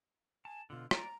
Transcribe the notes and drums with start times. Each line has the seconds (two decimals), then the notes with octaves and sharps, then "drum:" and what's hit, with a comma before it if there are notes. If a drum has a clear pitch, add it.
0.45 G#5 A5
0.70 B2 D3 F4
0.91 D5 A#5, drum: rim click